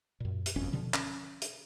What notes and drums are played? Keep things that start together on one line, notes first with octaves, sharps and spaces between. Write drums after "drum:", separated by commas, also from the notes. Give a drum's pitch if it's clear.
F#2 A#2
drum: hi-hat
G1 F2 B2 C#4
B2 D3 F3
C#4, drum: clap
drum: hi-hat